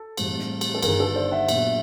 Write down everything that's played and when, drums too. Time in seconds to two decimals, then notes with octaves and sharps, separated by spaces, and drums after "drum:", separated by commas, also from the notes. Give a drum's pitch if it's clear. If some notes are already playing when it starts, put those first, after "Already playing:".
Already playing: A4
0.17 A2 E3 G3 C4, drum: cymbal
0.39 drum: snare
0.61 drum: cymbal
0.75 A4
0.82 G1 G2 D#3 G#4 A#4, drum: cymbal
1.00 A4 B4
1.16 C5 D5
1.32 E5 F#5
1.49 A#2 F#3 B3 D4, drum: cymbal